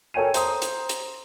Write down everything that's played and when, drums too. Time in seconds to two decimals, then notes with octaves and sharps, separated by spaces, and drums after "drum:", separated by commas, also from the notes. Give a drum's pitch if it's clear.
0.14 A4 A#4 C#5 G5 G#5 D#7
0.34 C5 A#5 D#6, drum: hi-hat
0.62 drum: hi-hat
0.89 drum: hi-hat